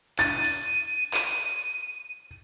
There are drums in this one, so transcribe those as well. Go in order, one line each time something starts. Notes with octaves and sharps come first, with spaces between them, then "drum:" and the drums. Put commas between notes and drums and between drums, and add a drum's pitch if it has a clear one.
A6 D#7, drum: clap
drum: open hi-hat
drum: clap